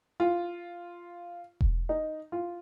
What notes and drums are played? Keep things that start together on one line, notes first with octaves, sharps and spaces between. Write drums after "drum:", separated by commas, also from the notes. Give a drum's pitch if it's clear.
F4
drum: kick E1
D#4
F4